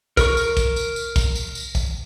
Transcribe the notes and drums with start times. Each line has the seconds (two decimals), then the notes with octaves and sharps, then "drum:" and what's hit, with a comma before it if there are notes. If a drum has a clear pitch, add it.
0.17 A#4 C#6, drum: kick, tambourine
0.37 drum: tambourine
0.57 drum: kick, tambourine
0.76 drum: tambourine
0.96 drum: tambourine
1.16 drum: kick, tambourine
1.35 drum: tambourine
1.55 drum: tambourine
1.75 drum: kick, tambourine